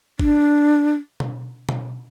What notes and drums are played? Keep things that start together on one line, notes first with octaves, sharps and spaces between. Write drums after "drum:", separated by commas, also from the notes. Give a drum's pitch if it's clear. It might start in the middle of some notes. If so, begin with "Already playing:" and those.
D4, drum: kick G1
drum: tom B2
drum: tom B2